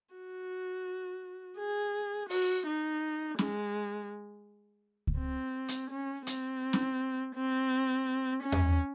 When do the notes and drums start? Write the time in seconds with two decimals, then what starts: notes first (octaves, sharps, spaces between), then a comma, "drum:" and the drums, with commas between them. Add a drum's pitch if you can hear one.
0.14 F#4
1.58 G#4
2.30 F#4, drum: open hi-hat
2.66 D#4
3.39 G#3, drum: snare
5.07 drum: kick C#2
5.19 C4
5.68 drum: hi-hat
5.91 C#4
6.27 C4, drum: hi-hat
6.73 drum: snare
7.36 C4
8.43 C#4
8.52 drum: tom E2